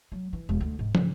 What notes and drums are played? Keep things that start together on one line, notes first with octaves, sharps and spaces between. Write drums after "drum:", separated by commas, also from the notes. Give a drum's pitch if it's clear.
F#3
E3
E1
D2
G#2
C#3, drum: tom